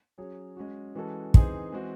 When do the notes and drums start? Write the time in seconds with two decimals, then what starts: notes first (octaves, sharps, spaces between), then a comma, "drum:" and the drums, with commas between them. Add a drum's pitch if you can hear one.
0.18 F#3 C#4 G#4 C#5
0.57 G#3 C#4 F#4
0.95 E3 G#3 C#4 F#4 A4
1.34 E3 C4 D#4 G#4 C5, drum: kick
1.72 E3 G#3 C4 F#4